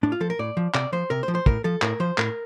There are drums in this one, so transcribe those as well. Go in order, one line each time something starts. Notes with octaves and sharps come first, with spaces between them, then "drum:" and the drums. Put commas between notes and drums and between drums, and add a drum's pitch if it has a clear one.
A2 D4
F4
F3 A4
A#4
A2 D5
F3
C3 D5, drum: clap
F3 C5
C3 A#4
C5
F3
C5
A2 A#4, drum: kick
F3 A4
A2 A#4, drum: clap
F3 C5
A2 A#4, drum: clap